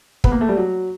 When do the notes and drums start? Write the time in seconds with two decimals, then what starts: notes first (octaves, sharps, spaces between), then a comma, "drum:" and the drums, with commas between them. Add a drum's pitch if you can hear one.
0.24 B3, drum: kick
0.32 A#3
0.41 A3
0.49 G3
0.57 F#3